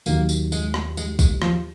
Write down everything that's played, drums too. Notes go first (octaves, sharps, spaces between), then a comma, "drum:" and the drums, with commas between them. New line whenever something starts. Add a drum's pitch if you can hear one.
D#2 D#3 F#3 A#3, drum: tambourine
drum: tambourine
G#3, drum: tambourine
drum: rim click
G#3, drum: tambourine
G#3, drum: kick, tambourine
F3, drum: rim click